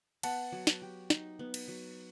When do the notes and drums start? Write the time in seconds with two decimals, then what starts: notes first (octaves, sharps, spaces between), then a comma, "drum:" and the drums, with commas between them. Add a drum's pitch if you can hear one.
0.23 B3 F#5 A5, drum: cymbal
0.52 F#3
0.67 drum: snare
0.82 G4
1.10 D#4, drum: snare
1.39 B3
1.54 drum: cymbal
1.68 F#3